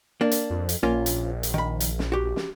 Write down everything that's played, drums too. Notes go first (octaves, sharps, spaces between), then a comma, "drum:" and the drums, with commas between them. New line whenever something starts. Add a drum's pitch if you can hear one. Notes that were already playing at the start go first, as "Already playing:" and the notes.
A#3 D4
drum: hi-hat
F2
drum: hi-hat
A#1 A#3 C#4 F4
drum: hi-hat
drum: hi-hat
D#3 B5
drum: hi-hat
drum: snare
F#4 G4
drum: snare